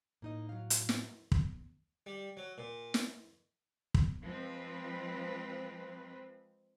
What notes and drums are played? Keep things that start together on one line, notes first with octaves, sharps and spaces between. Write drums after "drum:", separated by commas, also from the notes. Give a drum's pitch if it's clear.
A2 A#3 D#4 D#5
F#3 F5
drum: hi-hat
drum: snare
drum: kick
G3
F#3
A#2
drum: snare
drum: kick
F3 G#3 C4 B4